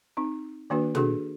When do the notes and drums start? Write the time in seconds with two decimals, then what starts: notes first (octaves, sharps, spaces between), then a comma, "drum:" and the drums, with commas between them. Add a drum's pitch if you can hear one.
0.17 C4 D#4
0.70 D#3 A#3 D4 F#4 B4
0.95 D4 F#4 G#4 A4, drum: tom